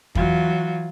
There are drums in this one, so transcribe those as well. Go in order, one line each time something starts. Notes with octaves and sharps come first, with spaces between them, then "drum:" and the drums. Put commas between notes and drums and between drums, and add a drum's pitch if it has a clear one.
E3 F#3 F4, drum: kick E2